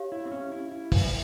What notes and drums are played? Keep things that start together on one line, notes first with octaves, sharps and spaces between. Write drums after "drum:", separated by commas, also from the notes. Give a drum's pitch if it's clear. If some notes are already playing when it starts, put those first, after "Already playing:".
Already playing: G4 C#5 F5
E4
C4
C#4
E4
E4
drum: kick, open hi-hat